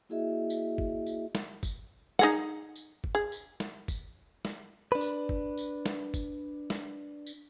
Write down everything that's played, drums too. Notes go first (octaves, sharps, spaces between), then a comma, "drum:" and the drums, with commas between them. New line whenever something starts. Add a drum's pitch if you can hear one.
A#3 E4 F#4 G#4 D#5 E5
drum: tambourine
drum: kick
drum: tambourine
drum: snare
drum: kick, tambourine
D#4 G#4 F#5, drum: snare
drum: tambourine
drum: kick
G#4
drum: tambourine
drum: snare
drum: kick, tambourine
drum: snare
D4 B4
drum: tambourine
drum: kick
drum: tambourine
drum: snare
drum: kick, tambourine
drum: snare
drum: tambourine